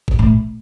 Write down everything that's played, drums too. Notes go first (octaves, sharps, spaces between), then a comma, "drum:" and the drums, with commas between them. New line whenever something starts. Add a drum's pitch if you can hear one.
drum: kick G1
A2